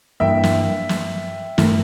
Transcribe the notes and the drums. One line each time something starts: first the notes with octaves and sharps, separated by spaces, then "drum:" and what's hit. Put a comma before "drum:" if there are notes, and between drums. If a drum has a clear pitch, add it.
G2 E3 A#3 E5 G5
drum: snare
drum: snare
G2 E3 A3 E4 A#4, drum: snare